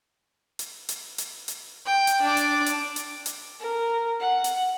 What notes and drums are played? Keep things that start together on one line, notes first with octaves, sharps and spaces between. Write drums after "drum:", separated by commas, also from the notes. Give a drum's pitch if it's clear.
drum: hi-hat
drum: hi-hat
drum: hi-hat
drum: hi-hat
G5
drum: hi-hat
D4 D6
drum: hi-hat
drum: hi-hat
drum: hi-hat
drum: hi-hat
A#4
F#5
drum: hi-hat